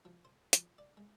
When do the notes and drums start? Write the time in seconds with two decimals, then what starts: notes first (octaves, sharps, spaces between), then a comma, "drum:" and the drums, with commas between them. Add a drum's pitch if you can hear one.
0.05 F3
0.25 C5
0.53 F3, drum: hi-hat
0.78 D5
0.97 G#3